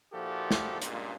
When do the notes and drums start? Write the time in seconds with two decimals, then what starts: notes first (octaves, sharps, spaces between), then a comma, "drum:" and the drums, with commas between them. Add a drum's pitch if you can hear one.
0.12 A#2 F3 E4 F#4 G4 A4
0.51 drum: snare
0.82 C#2 G2 A#2, drum: hi-hat